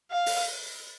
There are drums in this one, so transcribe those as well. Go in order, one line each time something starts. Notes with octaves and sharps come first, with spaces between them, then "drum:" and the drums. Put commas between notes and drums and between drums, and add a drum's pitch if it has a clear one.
F5
drum: open hi-hat